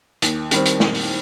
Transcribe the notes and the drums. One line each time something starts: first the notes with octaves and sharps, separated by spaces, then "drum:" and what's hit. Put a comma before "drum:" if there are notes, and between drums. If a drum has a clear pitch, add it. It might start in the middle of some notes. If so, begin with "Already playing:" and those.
D#2, drum: hi-hat
D#3 G3 C4, drum: hi-hat
drum: hi-hat
drum: snare
drum: open hi-hat